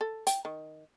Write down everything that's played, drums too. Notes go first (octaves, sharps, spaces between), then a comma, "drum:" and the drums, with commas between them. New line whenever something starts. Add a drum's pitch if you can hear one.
A4
G5, drum: hi-hat
D#3